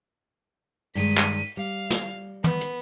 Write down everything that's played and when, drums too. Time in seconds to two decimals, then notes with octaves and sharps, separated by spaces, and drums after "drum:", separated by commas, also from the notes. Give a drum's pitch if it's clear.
0.95 G2 D#3 G#3 B6 D#7, drum: open hi-hat
1.18 drum: clap
1.57 G3 F5
1.90 drum: snare
2.44 B3, drum: tom
2.61 drum: hi-hat